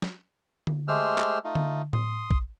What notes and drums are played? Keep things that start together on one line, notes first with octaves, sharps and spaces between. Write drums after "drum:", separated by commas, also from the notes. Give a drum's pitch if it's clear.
drum: snare
drum: tom D3
G#3 A3 G4 C5 E6 F6
drum: clap
A3 D#4 F4
drum: tom D3
C6 D#6, drum: tom A2
drum: kick